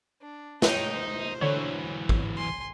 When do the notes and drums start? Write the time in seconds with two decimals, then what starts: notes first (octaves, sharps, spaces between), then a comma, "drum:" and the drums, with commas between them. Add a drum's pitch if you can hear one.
0.21 D4
0.62 D#4 C#5 G5, drum: snare
0.94 C5
1.41 D3 E3 F#3 C#5
2.09 drum: kick
2.36 G#5 C6